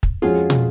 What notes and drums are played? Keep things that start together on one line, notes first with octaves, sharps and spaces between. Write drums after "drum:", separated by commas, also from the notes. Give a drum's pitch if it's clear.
drum: kick
F2 F3 G#3 C#4 F4 F#4 G#4
drum: tom